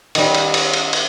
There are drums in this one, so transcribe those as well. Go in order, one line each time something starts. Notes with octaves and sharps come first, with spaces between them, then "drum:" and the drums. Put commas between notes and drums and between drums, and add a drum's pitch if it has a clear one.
D#3 G3, drum: cymbal
drum: cymbal
drum: cymbal
drum: cymbal
drum: cymbal